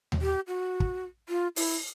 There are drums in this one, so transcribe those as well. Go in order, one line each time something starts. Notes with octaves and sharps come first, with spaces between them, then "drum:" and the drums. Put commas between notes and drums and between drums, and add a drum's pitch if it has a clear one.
drum: tom D#2
G4
F#4
drum: kick
F4
E4, drum: open hi-hat